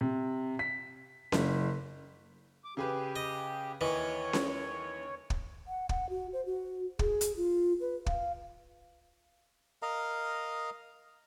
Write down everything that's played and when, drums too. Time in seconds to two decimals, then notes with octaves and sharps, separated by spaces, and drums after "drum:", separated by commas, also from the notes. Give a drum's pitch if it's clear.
0.01 C3
0.59 B6
1.32 F#1, drum: snare C#4
2.64 D6
2.77 C#3 G4 G#4 B4
3.16 D#5
3.81 D#2 E3 C#5 D#5
4.33 drum: snare C#4
5.30 drum: kick
5.66 F#5
5.89 F#5, drum: kick
6.09 F#4
6.33 C5
6.46 F#4
6.99 G#4, drum: kick
7.21 drum: hi-hat
7.37 F4
7.80 B4
8.06 F5, drum: kick
9.82 A#4 D#5 F5 A#5